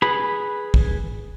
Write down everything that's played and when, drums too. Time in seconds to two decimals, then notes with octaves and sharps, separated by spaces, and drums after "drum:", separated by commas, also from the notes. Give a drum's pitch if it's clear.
0.02 G#4 B4 B5
0.74 drum: kick